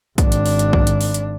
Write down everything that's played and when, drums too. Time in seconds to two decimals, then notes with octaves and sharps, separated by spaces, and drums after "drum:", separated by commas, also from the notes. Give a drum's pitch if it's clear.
0.18 G#1 D4, drum: kick, hi-hat
0.32 drum: hi-hat
0.46 drum: open hi-hat
0.59 drum: hi-hat
0.73 drum: kick
0.87 drum: hi-hat
1.01 drum: open hi-hat
1.14 drum: hi-hat